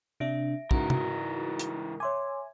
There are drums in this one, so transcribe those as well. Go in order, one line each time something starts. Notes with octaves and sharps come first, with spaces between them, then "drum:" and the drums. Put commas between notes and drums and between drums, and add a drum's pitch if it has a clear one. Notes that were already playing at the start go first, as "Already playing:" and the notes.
C3 D4 E5 A#6 D7
G#2 C#3 E3 F#4 A#4, drum: kick
drum: tom
drum: hi-hat
C#5 E5 G#5 C6 D6